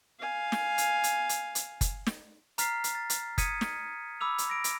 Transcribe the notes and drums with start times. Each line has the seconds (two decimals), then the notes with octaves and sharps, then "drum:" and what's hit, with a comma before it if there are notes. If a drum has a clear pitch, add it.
0.19 F5 G#5
0.52 drum: snare
0.78 drum: hi-hat
1.04 drum: hi-hat
1.29 drum: hi-hat
1.55 drum: hi-hat
1.81 drum: kick F#1, hi-hat
2.07 drum: snare
2.58 A#5 F6 A6 B6 C7, drum: hi-hat
2.84 drum: hi-hat
2.95 A6
3.10 drum: hi-hat
3.38 D#6 G#6 B6 C#7 D#7, drum: kick F#1, hi-hat
3.61 drum: snare
4.21 B5 D6 E6 F7
4.38 drum: hi-hat
4.50 A#6 D7
4.64 drum: hi-hat